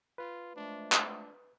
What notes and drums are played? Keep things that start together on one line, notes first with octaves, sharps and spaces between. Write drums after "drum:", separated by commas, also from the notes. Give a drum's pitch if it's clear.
F4 B4
F3 G#3 A3 D4
D4, drum: clap